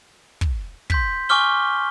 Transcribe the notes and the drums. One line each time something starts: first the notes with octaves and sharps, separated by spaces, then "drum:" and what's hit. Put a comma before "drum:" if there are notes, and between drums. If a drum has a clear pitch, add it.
drum: kick
C6 G6 B6, drum: kick
G#5 C#6 D6 F6 G7